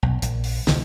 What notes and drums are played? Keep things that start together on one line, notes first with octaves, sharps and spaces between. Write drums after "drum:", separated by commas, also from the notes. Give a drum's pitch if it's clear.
B1
A#1, drum: hi-hat
drum: open hi-hat
C2 D3 F3, drum: snare